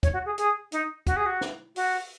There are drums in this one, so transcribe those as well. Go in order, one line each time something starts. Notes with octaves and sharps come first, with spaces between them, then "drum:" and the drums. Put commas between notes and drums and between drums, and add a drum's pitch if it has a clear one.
C#5, drum: kick D2, hi-hat
F#4
G#4
G#4, drum: hi-hat
D#4, drum: hi-hat
F#4, drum: kick D2, hi-hat
G#4
F#4
drum: snare
F#4, drum: open hi-hat